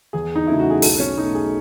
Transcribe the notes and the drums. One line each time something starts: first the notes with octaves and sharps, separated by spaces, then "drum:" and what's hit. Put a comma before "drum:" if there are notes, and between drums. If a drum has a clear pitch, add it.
E2 G#4
D#4
C#3 F#3 A3 E4
F#4
G#4
B1 A4, drum: open hi-hat
C#4
B2 A3 D#4
G#4